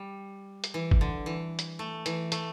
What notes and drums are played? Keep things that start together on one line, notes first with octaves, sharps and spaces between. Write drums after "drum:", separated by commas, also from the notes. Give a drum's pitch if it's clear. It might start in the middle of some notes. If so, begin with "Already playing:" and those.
Already playing: G3
drum: hi-hat
E3
drum: kick
D3
E3
drum: hi-hat
A3
E3, drum: hi-hat
A3, drum: hi-hat